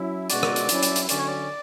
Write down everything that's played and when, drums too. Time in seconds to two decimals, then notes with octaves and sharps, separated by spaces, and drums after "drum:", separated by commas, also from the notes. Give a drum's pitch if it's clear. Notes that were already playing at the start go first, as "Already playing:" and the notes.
Already playing: F#3 C#4 E4
0.30 B2 G#3 C#4 F#4 D5, drum: hi-hat
0.43 drum: rim click
0.56 drum: hi-hat
0.69 F#3 C#4 E4, drum: hi-hat
0.83 drum: hi-hat
0.96 drum: hi-hat
1.09 D3 F#3 C#4 D5, drum: hi-hat
1.18 C#5
1.27 D5